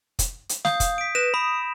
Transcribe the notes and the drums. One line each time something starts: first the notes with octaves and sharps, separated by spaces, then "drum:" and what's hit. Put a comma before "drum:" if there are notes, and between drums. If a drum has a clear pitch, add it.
drum: kick, hi-hat
drum: hi-hat
F5 D#6 G6, drum: snare
drum: kick, hi-hat
B6 D7
B4 A#6 E7
B5 D#6